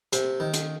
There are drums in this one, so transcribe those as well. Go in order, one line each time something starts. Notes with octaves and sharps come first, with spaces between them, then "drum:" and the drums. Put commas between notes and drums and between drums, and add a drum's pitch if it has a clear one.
C3, drum: hi-hat
D#3
drum: hi-hat